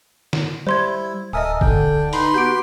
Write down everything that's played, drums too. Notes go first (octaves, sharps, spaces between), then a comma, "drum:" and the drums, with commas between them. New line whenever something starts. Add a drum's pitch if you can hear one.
drum: snare
G3 E4 C5 C6 G#6
D1 A4 A#4 D#5 E5 G#5 D#6
D3 D4 G5, drum: kick G#1
D#4 B4 B5 C6, drum: hi-hat
B3 F#4 G4 G6 D7